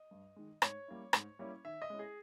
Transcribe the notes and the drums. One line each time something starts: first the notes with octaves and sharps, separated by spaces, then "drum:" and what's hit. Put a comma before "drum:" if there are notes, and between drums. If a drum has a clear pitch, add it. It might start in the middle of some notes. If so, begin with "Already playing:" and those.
Already playing: D#5
G2
D#3 G#3
G#2 C#5, drum: rim click
G3 A#3 C#4 E4
G#2, drum: rim click
G3 A#3 C#4 E4
D#3 E5
D#5
G#3 C#4 E4
G#4